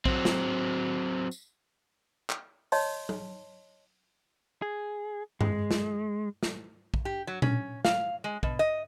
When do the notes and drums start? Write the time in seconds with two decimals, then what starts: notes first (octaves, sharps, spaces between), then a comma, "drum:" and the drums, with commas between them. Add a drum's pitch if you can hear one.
0.05 F#3 C4, drum: kick
0.25 drum: snare
1.31 drum: tambourine
2.30 drum: clap
2.72 C#5 D#5 A5 C6, drum: open hi-hat
3.09 drum: tom F#3
4.62 G#4
5.41 G#3, drum: tom G2
5.71 drum: snare
6.43 drum: snare
6.94 drum: kick
7.05 G4
7.27 F#3
7.42 C#4, drum: tom A#2
7.85 F5, drum: snare
8.24 G#3
8.43 B2, drum: kick
8.59 D#5